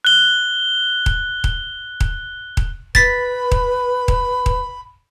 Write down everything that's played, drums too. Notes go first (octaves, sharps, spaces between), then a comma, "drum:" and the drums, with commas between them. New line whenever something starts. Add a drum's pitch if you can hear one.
F#6 G7
drum: kick D#1
drum: kick D#1
drum: kick D#1
drum: kick D#1
B4 B5 A6 B6, drum: kick D#1
drum: kick D#1
drum: kick D#1
drum: kick D#1